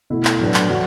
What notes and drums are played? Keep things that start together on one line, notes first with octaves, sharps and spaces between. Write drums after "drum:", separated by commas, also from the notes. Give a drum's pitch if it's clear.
B2 A3 E4
drum: clap
A2 F#3 D4 B4
drum: clap
F#3 D4 F#4